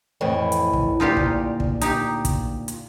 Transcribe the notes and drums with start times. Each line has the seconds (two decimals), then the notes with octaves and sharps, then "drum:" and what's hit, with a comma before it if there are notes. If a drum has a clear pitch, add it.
0.21 F2 A2 E3
0.52 drum: hi-hat
0.73 drum: kick
1.00 D2 A#2 D#4 F4 G4
1.17 drum: kick
1.60 drum: kick
1.81 D#4 G4, drum: hi-hat
2.25 drum: kick, hi-hat
2.68 drum: hi-hat